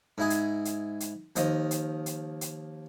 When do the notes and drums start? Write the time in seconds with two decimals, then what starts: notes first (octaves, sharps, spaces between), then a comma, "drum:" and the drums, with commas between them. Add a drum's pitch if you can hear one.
0.18 G#2 E4 G#4
0.30 drum: hi-hat
0.65 drum: hi-hat
1.00 drum: hi-hat
1.36 D#2 F3 D#5, drum: hi-hat
1.71 drum: hi-hat
2.06 drum: hi-hat
2.41 drum: hi-hat